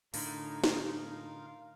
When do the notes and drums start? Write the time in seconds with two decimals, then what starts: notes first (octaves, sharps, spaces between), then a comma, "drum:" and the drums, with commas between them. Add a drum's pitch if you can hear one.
0.14 A2 D3 D#4 F4 A#4 F5, drum: open hi-hat
0.64 drum: snare